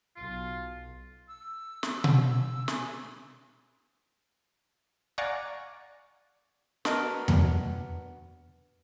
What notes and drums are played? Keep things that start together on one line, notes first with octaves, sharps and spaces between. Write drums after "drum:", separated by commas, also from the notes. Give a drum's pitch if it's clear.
B1 F4
E6
drum: snare
drum: tom B2
E6
G#5, drum: snare
D5 F5 F#5 G#5 A#5 C#6
B3 D4 F#4 A#4 D#5 A#5, drum: snare
drum: tom E2